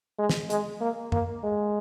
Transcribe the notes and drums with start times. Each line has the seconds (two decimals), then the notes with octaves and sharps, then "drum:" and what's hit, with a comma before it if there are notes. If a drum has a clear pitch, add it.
0.19 G#3
0.29 drum: snare
0.50 G#3, drum: hi-hat
0.81 A#3
1.12 A#3, drum: tom F#2
1.44 G#3